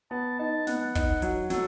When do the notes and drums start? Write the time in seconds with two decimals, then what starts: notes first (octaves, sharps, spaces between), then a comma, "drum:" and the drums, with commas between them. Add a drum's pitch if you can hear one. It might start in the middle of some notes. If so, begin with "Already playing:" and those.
0.11 B3 A5
0.39 D#4 A5
0.67 B3 F#5, drum: snare
0.95 D#4, drum: kick, hi-hat
1.22 F#3, drum: hi-hat
1.50 F#3 A4, drum: snare